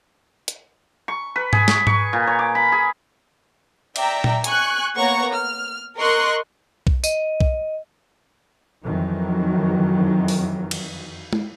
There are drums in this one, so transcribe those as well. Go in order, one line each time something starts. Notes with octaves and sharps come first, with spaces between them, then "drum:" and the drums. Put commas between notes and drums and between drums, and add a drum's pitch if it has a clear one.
drum: hi-hat
C#6
B4
G#4, drum: tom G#2
C#6, drum: snare
C#6, drum: tom G#2
A#2
C#5
D6
B5
G#4
D5 E5 G5 A#5, drum: cymbal
drum: tom A#2
G#5 C#6 F#6, drum: hi-hat
A#3 B3 C#5 F#5 A#5 C#6
F6
A#4 D#5 C6 C#6 F#6
drum: kick B1
D#5, drum: tambourine
drum: kick B1
F2 D#3 E3 F#3
drum: open hi-hat
drum: cymbal
drum: tom G#3